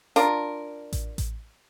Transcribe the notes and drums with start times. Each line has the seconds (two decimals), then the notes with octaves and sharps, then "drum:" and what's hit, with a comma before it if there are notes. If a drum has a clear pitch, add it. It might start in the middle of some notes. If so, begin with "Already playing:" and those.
0.16 D4 F4 A#4, drum: hi-hat
0.93 drum: kick A1, hi-hat
1.18 drum: kick A1, hi-hat